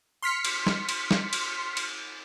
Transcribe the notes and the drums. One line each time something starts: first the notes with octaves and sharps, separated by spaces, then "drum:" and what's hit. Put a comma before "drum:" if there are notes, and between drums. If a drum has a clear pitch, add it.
C6 F6 B6 C#7
drum: cymbal
drum: snare G3
drum: cymbal
drum: snare G3
drum: cymbal
drum: cymbal